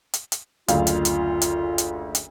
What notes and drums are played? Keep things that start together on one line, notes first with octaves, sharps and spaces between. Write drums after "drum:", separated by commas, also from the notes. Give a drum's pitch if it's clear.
drum: hi-hat
drum: hi-hat
F#1 D2 F4 F5, drum: hi-hat
drum: hi-hat
drum: hi-hat
drum: hi-hat
drum: hi-hat
drum: hi-hat